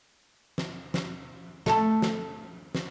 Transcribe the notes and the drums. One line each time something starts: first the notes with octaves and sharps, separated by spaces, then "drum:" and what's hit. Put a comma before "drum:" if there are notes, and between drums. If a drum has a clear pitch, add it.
drum: snare
drum: snare
A3 A4, drum: snare
drum: snare
drum: snare